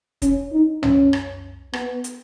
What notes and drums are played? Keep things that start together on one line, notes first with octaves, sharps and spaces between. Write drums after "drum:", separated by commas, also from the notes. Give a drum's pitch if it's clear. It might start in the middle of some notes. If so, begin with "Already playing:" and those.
C#4, drum: kick, hi-hat
D#4
C#4, drum: tom
drum: rim click
B3, drum: rim click
drum: hi-hat